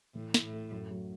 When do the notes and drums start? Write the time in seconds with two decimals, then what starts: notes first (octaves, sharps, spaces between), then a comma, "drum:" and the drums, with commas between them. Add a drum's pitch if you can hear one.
0.15 A2 E3
0.34 E4, drum: snare
0.44 A2
0.53 A3
0.72 F#2
0.91 F#3